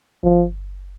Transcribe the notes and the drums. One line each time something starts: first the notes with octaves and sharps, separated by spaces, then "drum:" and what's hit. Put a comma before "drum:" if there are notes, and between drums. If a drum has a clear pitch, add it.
F3, drum: kick G1